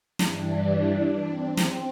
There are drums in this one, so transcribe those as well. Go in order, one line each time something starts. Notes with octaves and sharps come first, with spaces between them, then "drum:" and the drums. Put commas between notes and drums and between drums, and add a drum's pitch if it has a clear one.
G2 E3 G3 D4, drum: snare
C4
drum: snare